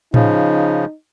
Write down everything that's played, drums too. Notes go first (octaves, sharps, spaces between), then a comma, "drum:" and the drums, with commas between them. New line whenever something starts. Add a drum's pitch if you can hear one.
C#3 F3 D#4, drum: tom A2